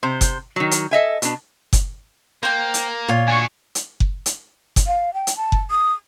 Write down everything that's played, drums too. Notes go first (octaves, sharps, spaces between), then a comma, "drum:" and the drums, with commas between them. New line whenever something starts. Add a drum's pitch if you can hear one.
C3 C5
drum: kick F#1, hi-hat
D#3 F#3
drum: hi-hat
A4 D#5 E5 G#5
B2 D4, drum: hi-hat
drum: kick F#1, hi-hat
A#3 C5 G5
drum: hi-hat
A#2 F4 C#5
D4 F#4 G#5 C#6
drum: hi-hat
drum: kick F#1
drum: hi-hat
drum: kick F#1, hi-hat
F5
G5
drum: hi-hat
A5
drum: kick F#1
D#6